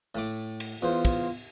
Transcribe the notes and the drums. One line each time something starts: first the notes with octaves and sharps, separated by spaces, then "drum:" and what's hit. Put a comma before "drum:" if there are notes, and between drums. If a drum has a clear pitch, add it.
A2 A3 D6
drum: cymbal
E2 F4 C5
drum: kick, cymbal